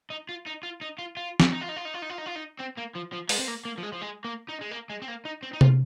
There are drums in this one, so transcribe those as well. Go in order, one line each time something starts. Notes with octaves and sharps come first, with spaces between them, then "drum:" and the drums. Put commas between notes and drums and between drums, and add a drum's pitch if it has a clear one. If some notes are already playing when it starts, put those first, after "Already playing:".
D#4
F4
D#4
F4
D#4
F4
F4
drum: snare
D#4
F4
D#4
F4
D#4
F4
D#4
F4
D#4
F4
D#4
C4
A#3
F3
F3
G#3, drum: open hi-hat
C4
A#3
A#3
F3
G#3
F3
G#3
A#3
D#4
G#3
A#3
G#3
C4
A#3
D#4
C4
D#4
F4, drum: tom C3